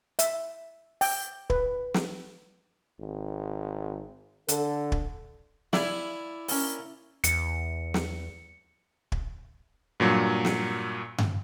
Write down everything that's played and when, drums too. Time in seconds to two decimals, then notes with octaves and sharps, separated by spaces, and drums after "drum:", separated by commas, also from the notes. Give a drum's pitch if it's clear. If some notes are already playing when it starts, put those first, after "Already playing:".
0.19 E5, drum: hi-hat
1.01 G5, drum: open hi-hat
1.50 B4, drum: kick
1.94 drum: snare
2.99 G#1
4.48 D3 A4, drum: hi-hat
4.92 drum: kick
5.73 E4 D5 F5 G#5, drum: snare
6.48 A#3 C#4, drum: open hi-hat
7.24 E2 C#7, drum: hi-hat
7.94 drum: snare
9.12 drum: kick
10.00 G2 A#2 F#3
10.45 drum: snare
11.18 drum: tom G2